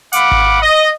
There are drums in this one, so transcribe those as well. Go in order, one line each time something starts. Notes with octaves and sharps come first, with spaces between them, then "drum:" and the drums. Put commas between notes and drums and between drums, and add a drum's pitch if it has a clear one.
F5 F#5 B5 D6, drum: hi-hat
drum: kick G#1
D#5